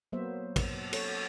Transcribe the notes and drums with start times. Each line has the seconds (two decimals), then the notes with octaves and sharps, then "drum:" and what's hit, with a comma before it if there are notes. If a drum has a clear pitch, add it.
0.12 F#3 A#3 B3 C5 E5
0.56 drum: kick, cymbal
0.93 A4 C#5, drum: cymbal